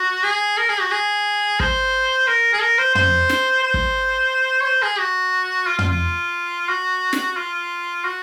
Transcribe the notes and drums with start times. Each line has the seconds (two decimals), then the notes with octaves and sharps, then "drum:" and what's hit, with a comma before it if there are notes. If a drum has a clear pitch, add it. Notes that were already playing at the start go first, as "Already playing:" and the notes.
Already playing: F#4
0.23 G#4
0.57 A#4
0.69 G#4
0.80 F#4
0.91 G#4
1.60 C5, drum: kick
2.27 A#4
2.53 G#4
2.61 A#4
2.78 C5
2.95 C5, drum: tom
3.29 drum: snare
3.63 C5
3.74 drum: kick
4.61 C#5
4.65 C5
4.82 G#4
4.99 F#4
5.67 F4
5.78 F4, drum: tom
5.89 F4
6.69 F#4
7.13 drum: snare
7.37 F4
8.04 F#4